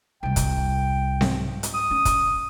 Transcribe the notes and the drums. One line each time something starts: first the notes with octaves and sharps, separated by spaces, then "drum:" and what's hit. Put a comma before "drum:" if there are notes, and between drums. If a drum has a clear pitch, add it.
C2 G3 G5
drum: kick, hi-hat
G#2, drum: snare C4
drum: hi-hat
D#6
C#4
drum: kick, hi-hat